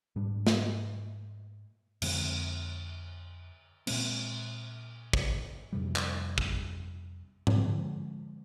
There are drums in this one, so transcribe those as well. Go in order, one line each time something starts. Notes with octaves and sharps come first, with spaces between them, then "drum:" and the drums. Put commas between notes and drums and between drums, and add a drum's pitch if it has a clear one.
G#2 G3 D4
drum: snare
F2 D3 G#3 C4, drum: cymbal
A#2 G#3 C4, drum: cymbal
drum: kick
F2 C3 G3
drum: clap
drum: kick
drum: tom G#2
D3 F3 G#3